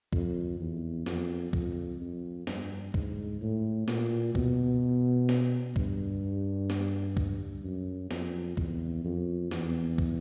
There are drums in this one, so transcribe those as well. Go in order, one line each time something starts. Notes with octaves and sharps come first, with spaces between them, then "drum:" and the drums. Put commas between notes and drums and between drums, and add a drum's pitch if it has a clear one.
F2, drum: kick
E2
F2, drum: snare
F2, drum: kick
F2
G2, drum: snare
G#2, drum: kick
A2
A#2, drum: snare
B2, drum: kick
drum: snare
G2, drum: kick
drum: snare
drum: kick
F#2
F2, drum: snare
E2, drum: kick
F2
E2, drum: snare
drum: kick